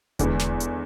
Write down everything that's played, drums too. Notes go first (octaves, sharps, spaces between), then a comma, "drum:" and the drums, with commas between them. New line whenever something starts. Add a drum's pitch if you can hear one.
E2 D3 G#3 B3, drum: kick D#1, hi-hat
drum: snare
drum: hi-hat